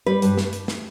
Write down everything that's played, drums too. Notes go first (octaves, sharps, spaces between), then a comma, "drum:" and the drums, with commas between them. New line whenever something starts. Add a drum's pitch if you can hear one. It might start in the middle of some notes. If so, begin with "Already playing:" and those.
G3 B4
G2, drum: hi-hat
drum: snare
drum: hi-hat
drum: snare